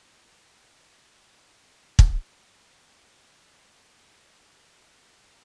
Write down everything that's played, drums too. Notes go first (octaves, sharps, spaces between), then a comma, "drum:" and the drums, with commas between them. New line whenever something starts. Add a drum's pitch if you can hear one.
B2 G4 G#4 B4 D6
drum: kick
D3 F#4